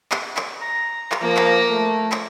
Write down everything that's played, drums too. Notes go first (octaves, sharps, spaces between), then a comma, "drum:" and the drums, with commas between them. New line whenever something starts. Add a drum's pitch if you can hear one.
drum: clap
drum: clap
A#5
drum: clap
F3 A#3
drum: clap
A3
drum: clap